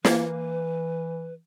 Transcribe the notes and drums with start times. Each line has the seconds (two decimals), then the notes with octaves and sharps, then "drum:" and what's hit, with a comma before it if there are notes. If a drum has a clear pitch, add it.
0.05 E3 A#3 B4, drum: snare